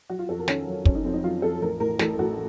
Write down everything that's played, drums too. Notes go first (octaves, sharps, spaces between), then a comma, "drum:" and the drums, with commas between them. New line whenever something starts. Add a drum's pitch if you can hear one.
F#3 F#4
F4
F2 A4
A#4
D#3 C#4, drum: snare
F#3
F#3 C#4, drum: kick
D#4
F2 C4
D#4
F#3 F4
F2 A4
A1 A#4
A2 A#4
A1 A4, drum: snare
A1 F#4